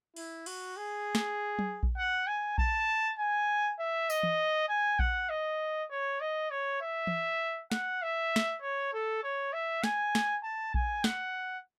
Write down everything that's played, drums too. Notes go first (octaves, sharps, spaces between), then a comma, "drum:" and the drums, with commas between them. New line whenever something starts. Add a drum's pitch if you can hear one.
E4, drum: open hi-hat
F#4, drum: cymbal
G#4
drum: snare
drum: tom F#3
drum: kick A#1
F#5
G#5
A5, drum: kick A#1
G#5
E5
D#5, drum: tambourine
drum: tom E3
G#5
F#5, drum: kick A#1
D#5
C#5
D#5
C#5
E5
drum: tom E3
F#5, drum: snare
E5
drum: snare
C#5
A4
C#5
E5
G#5, drum: snare
drum: snare
A5
G#5, drum: kick A#1
F#5, drum: snare